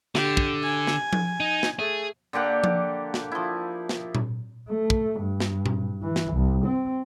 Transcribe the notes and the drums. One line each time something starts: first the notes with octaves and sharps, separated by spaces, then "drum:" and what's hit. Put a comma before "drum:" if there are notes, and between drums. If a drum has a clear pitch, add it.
D3 G4, drum: snare
drum: kick
G#5
drum: snare
drum: tom F3
D#4
drum: snare
A3 G#4
D3 A#3 G4 F#5
drum: tom F3
drum: snare
F3 E4
drum: snare
drum: tom A#2
A3
drum: kick
G2
drum: snare
drum: tom A#2
E3
drum: snare
C2
C4